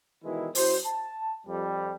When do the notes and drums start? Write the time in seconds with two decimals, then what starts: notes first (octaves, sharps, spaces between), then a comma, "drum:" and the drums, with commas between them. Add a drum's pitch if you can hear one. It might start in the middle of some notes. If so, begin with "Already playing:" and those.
0.23 B2 D#3 E3 G3 G#3 E4
0.55 F#2 E4 F#4 C5, drum: open hi-hat
0.85 A5
1.46 F2 G3